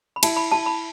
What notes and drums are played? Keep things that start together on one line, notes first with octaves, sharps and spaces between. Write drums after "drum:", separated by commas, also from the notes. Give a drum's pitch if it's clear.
B5
E4 A5, drum: cymbal
B5
E4 A5
B5